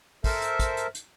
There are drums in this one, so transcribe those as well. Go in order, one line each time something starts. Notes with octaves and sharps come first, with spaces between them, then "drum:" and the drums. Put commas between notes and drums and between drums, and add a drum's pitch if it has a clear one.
A4 A#4 C5 E5, drum: kick, open hi-hat
drum: hi-hat
drum: kick, hi-hat
drum: hi-hat
drum: hi-hat